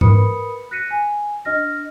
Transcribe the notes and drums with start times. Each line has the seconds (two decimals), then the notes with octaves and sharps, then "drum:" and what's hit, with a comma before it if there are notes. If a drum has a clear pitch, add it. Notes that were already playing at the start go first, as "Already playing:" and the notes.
0.01 A#4 B4 B5 D#6 C#7, drum: tom G#2
0.71 F#6 A#6 B6 C#7 D#7
0.91 G#5
1.45 D4 D#5 F6 A#6